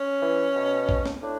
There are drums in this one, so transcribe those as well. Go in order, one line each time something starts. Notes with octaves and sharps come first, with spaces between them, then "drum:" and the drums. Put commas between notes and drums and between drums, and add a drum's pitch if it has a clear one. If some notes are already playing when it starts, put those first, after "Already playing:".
Already playing: C#4
E3
B2
drum: kick A#1
drum: snare
A2 D4